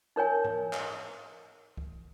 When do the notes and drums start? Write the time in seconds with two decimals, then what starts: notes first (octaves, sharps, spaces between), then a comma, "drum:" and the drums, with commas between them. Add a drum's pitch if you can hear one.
0.16 D#4 A#4 C#5 G#5
0.45 drum: tom G#2
0.73 drum: clap
1.77 drum: kick